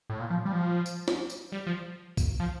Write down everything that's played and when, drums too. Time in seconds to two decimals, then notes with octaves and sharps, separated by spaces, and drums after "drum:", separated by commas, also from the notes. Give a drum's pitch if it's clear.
0.10 A2
0.20 A#2
0.30 F3
0.45 G3
0.52 F3
0.86 drum: tambourine
1.08 drum: snare
1.30 drum: tambourine
1.52 G3
1.67 F3
2.17 drum: kick B1, tambourine
2.40 F3